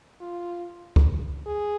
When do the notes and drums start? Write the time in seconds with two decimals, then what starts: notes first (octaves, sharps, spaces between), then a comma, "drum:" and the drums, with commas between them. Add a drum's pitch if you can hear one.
0.21 F4
0.96 drum: kick
1.47 G#4